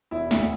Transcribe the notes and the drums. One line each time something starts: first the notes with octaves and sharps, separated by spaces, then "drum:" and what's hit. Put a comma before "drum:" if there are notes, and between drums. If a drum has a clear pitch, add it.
E1 E4
D2, drum: snare